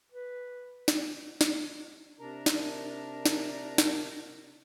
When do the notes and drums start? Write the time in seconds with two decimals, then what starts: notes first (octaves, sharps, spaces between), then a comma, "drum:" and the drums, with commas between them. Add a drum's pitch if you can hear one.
0.12 B4
0.88 drum: snare
1.41 drum: snare
2.20 C3 D4 A#4 A#5
2.46 drum: snare
3.26 drum: snare
3.78 drum: snare